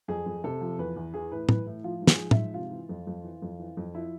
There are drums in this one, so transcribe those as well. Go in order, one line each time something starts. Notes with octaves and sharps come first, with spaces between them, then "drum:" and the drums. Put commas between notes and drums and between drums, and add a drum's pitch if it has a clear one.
F2 G#4
F2
C3 A4
F3
E2 B4
E2
E3 G#4
A2 B4
E3 B4, drum: tom
A2
F3 F4
G#2
G#4, drum: snare
F3
E5, drum: tom
G#2
C3 F4
E3
F2
F2
E3
F2
E3
F2
F3 E4